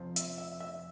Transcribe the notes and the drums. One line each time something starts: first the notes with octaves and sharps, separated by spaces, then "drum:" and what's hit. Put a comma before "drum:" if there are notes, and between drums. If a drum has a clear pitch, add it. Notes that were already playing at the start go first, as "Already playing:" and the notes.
Already playing: F2 C3 F3
E5, drum: hi-hat
E5
E5